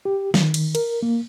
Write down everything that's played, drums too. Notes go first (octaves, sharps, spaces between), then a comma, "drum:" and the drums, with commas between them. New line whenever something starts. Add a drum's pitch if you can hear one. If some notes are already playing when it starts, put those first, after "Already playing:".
G4
D#3, drum: snare
drum: cymbal
A#4, drum: cymbal
A#3